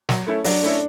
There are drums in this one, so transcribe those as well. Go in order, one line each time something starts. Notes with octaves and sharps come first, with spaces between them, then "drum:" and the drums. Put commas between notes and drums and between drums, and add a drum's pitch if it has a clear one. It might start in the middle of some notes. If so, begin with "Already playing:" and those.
F#3, drum: snare
A3 C#4 E4 A4
F#3 D4, drum: open hi-hat
A3 C#4 E4 A4